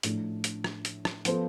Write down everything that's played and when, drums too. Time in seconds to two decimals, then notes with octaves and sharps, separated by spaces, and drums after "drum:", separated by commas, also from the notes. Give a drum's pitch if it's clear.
0.03 A2 F3 A3 D4, drum: hi-hat
0.44 drum: hi-hat
0.64 drum: rim click
0.85 drum: hi-hat
1.05 drum: rim click
1.25 F3 B3 F4 A4 C5, drum: hi-hat